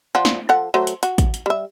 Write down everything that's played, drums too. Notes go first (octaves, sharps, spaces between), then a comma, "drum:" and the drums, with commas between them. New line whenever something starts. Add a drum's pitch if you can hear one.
F3 D5 F#5
drum: snare
F3 A4 F#5
F#3 A3 C5
drum: hi-hat
F#4, drum: hi-hat
drum: kick, hi-hat
drum: hi-hat
G3 E5